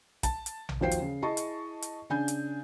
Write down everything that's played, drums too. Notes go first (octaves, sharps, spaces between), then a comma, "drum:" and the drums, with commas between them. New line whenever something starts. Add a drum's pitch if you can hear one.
A5, drum: kick, hi-hat
drum: hi-hat
drum: tom A#1
D#2 F3 F#4 C5 G5 C7
drum: hi-hat
C#3
E4 G#4 D#5 A5 C#6
drum: hi-hat
drum: hi-hat
C#3 D4 G#5 G6
drum: hi-hat